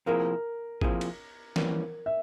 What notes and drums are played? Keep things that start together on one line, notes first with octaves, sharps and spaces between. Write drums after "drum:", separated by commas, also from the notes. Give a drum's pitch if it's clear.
C3 F3 A#3 E4 G#4 A#4
C3 F3 A#3 E4 G#4, drum: kick G#1
drum: cymbal
F2 E3 G3 A#3 C#4 A#4, drum: snare
E5